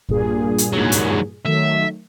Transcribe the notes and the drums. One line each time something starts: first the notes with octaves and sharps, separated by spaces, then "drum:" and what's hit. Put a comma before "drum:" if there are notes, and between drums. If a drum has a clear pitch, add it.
G2 A#2 G#4, drum: kick B1
drum: hi-hat
G#2 F#3
drum: hi-hat
D#3 F#3 A3 E5